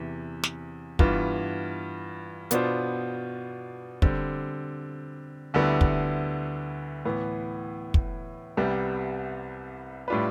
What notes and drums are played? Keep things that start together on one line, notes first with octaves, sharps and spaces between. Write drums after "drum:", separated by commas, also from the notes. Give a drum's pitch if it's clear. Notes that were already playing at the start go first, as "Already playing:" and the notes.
Already playing: E2 C3 E3
drum: snare
G2 E3 B3 F4, drum: kick
B2 B3 D4 F4 C5, drum: hi-hat
D3 G3 C4, drum: kick
D2 D3 G3 B3 E4
drum: kick
A2 E3 B3
drum: kick
C2 C3 G3 B3
A2 G3 D4 F4 B4